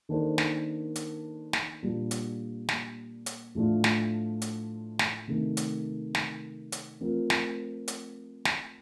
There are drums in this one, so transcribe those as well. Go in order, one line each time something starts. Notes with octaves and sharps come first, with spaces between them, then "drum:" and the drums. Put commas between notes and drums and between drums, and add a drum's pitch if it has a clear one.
D#3 A#3 D4 A4 C5
drum: snare
drum: hi-hat
drum: snare
A#2 G3 D4
drum: hi-hat
drum: snare
drum: hi-hat
A2 F3 A3 D4 F4
drum: snare
drum: hi-hat
drum: snare
C3 D#3 A3
drum: hi-hat
drum: snare
drum: hi-hat
F3 A3 C4 F4 A#4
drum: snare
drum: hi-hat
drum: snare